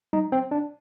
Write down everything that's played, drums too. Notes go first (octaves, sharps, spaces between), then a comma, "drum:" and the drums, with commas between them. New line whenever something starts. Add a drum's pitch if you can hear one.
D#4, drum: tom F#3
C4
D4